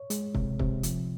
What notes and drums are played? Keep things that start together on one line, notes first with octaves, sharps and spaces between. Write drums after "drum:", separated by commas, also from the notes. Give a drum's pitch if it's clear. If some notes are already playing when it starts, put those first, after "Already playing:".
Already playing: C#5
G#3, drum: hi-hat
C3, drum: kick
C3, drum: kick
F3, drum: hi-hat